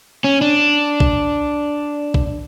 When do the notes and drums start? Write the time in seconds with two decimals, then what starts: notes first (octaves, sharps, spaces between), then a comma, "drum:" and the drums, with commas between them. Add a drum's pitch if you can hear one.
0.24 C#4
0.42 D4
1.00 drum: kick
2.14 drum: kick